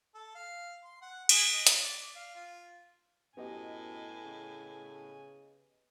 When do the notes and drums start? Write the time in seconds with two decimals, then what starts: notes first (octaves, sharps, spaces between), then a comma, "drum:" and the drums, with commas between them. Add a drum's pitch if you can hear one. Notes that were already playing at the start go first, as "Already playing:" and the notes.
0.14 A4
0.35 F5
0.84 C6
1.02 F#5
1.29 G#4, drum: cymbal
1.53 D#5
1.67 drum: hi-hat
1.82 D5
2.15 F5
2.35 F4
3.37 F#2 A2 B3 G4 D#5 G#5
4.25 C#3